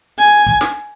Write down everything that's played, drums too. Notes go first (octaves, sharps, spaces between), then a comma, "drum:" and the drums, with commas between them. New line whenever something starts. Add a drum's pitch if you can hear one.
G#5
drum: kick
drum: snare